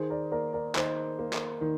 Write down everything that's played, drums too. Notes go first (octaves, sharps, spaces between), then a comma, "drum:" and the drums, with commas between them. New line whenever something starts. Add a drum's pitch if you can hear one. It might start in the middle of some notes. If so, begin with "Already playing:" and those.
Already playing: D#3 G#4 C5
A#4 D5
A#3 A#4 D5
A#4 D5
D#3 C5 D#5, drum: clap
A#3
drum: clap
D#3